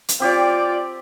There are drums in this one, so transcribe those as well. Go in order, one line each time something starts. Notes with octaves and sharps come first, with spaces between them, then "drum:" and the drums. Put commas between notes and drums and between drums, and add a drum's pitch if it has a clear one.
drum: hi-hat
C4 F4 G4 D5